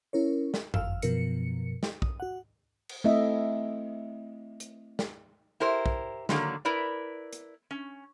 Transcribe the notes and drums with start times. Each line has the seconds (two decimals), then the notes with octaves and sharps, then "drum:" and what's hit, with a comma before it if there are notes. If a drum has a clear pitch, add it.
0.13 C#4 E4 A#4 C#5
0.54 drum: snare
0.74 G1 F2 F5 E6 F6, drum: tom F#2
1.02 F#2 B2 F3 A#4 C#7, drum: hi-hat
1.83 drum: snare
2.02 D#6, drum: kick
2.20 F#4 F#5
2.89 drum: cymbal
3.04 A3 C4 E4 D#5 E5
4.60 drum: hi-hat
4.99 drum: snare
5.60 E4 G4 A#4 C5
5.86 drum: kick
6.29 D3 D#3 F#3 A#3, drum: snare
6.65 E4 A#4 B4 D5
7.33 drum: hi-hat
7.71 C#4